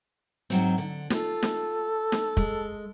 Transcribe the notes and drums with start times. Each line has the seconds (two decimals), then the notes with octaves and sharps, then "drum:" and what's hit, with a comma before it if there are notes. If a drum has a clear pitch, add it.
0.50 G#2 F#3 C4, drum: hi-hat
0.78 D3
1.10 F4 A4, drum: snare
1.43 drum: snare
2.12 drum: snare
2.37 G#3, drum: kick